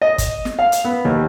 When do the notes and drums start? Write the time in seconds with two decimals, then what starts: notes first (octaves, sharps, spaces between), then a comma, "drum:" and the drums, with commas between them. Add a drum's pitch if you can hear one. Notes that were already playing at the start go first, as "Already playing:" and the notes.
0.02 D#5
0.18 drum: kick G1, hi-hat
0.45 drum: snare
0.59 F5
0.72 drum: hi-hat
0.85 B3
1.05 D#2